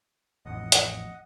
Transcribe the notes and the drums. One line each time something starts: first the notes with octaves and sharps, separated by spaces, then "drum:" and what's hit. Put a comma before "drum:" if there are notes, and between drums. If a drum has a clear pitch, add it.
A1 F2 D#5 F#5
drum: hi-hat